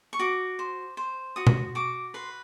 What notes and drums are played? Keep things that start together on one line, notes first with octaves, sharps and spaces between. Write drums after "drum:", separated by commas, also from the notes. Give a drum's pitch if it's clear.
C#6
F#4 D6
C5
C5
F#4 D#6
drum: tom B2
F#4 D6
B4 C6